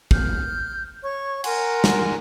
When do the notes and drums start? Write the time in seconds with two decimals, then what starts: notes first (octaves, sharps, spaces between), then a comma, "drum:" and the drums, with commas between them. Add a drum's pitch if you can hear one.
0.11 F6 G6, drum: kick
1.03 C#5 C#6
1.44 A#4 F#5 G#5 C6, drum: cymbal
1.84 drum: snare